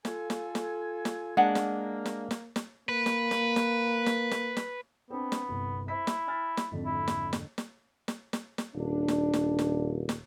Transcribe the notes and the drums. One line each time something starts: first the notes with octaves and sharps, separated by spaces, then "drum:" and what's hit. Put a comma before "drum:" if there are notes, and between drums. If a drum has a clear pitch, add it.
F4 A4 G#5, drum: snare
drum: snare
drum: snare
drum: snare
G#3 A#3 D4 F#5
drum: snare
drum: snare
drum: snare
drum: snare
A#3 B4
drum: snare
drum: snare
drum: snare
drum: snare
drum: snare
drum: snare
B3 C4 D4
drum: snare
G1 C2
E4 C5 E5 B6
drum: snare
G#5 F6 A6
drum: snare
G#1 F2 D3
E4
drum: snare
drum: snare
drum: snare
drum: snare
drum: snare
drum: snare
D#1 D4
drum: snare
drum: snare
drum: snare
drum: snare